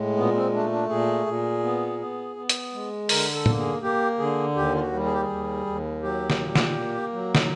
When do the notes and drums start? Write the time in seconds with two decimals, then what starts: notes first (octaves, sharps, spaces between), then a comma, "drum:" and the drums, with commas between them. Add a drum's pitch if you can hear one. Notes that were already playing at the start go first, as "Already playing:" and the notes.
Already playing: A2 G#3
0.16 A#2 B3
0.35 C4
0.53 A3 D4
0.72 D4
0.89 A#2 G#4
1.26 A#2
1.63 B3
1.99 B3
2.36 B3
2.49 drum: hi-hat
2.73 G#3
3.09 D3 A#4, drum: open hi-hat
3.34 A4
3.46 A#3, drum: tom
3.58 G#4
3.82 A#3 G4
4.19 D3 G#4
4.56 D#2 G4
4.75 F4
4.80 F#4
4.93 G3
5.05 G#4
5.13 G4
5.22 G#4
5.29 D#2
5.66 D#2
6.03 F#3 G4
6.30 drum: snare
6.39 A#2
6.55 drum: snare
6.76 A#3
7.12 F#3
7.35 drum: snare